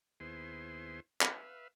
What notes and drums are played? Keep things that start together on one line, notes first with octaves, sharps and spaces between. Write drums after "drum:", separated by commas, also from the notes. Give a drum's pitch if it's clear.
D#2 B3 E4 G#4 C5 C6
B4 E5 F5, drum: clap